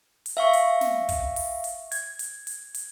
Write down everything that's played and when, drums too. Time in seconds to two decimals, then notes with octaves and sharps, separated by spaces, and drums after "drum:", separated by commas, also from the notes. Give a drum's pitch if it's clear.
0.26 drum: hi-hat
0.37 E5 F5 C#6
0.53 drum: hi-hat
0.81 drum: snare
1.09 drum: kick, hi-hat
1.36 drum: open hi-hat
1.64 drum: hi-hat
1.92 G#6, drum: hi-hat
2.19 drum: hi-hat
2.47 drum: hi-hat
2.74 drum: hi-hat